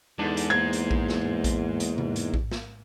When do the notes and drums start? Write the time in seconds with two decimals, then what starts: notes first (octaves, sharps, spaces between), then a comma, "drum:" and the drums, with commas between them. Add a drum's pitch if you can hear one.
0.19 E2 G#2 D4 D#4 A4
0.37 drum: hi-hat
0.50 A#3 C5 G#6
0.73 drum: hi-hat
0.91 drum: kick A#1
1.09 drum: snare
1.44 drum: kick A#1, hi-hat
1.80 drum: hi-hat
1.98 drum: tom C3
2.16 drum: hi-hat
2.34 drum: kick A#1
2.52 drum: snare